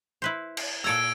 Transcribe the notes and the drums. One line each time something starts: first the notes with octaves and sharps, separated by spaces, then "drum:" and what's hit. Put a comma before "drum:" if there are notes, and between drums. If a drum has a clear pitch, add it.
E4 B4 C5
drum: cymbal
A#2 A4 A#5 E6 G#6 D7